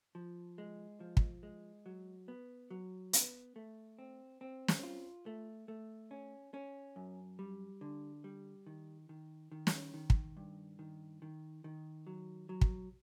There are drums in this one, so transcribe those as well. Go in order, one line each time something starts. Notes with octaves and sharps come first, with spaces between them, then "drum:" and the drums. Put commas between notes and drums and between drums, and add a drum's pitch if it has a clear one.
F3
G#3
F3
drum: kick
G#3
F#3
B3
F#3
B3, drum: hi-hat
A3
C4
C4
drum: snare
F4
A3
A3
C#4
C#4
F#2
G3
D3
G3
D#3
D#3
D#3
drum: snare
D#3
drum: kick
G2
D#3
D#3
D#3
F#3
F#3
drum: kick